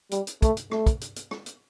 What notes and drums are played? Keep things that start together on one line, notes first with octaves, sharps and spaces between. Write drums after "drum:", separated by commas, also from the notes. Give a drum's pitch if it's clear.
G3, drum: hi-hat
drum: hi-hat
A3, drum: kick, hi-hat
drum: hi-hat
A3, drum: rim click
drum: kick, hi-hat
drum: hi-hat
drum: hi-hat
drum: rim click
drum: hi-hat